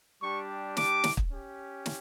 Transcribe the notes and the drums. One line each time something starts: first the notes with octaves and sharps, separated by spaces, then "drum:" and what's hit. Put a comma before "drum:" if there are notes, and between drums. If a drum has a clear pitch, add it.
G3 D4 G4 C#6
D6, drum: snare
drum: snare
drum: kick
C#4 G4
drum: snare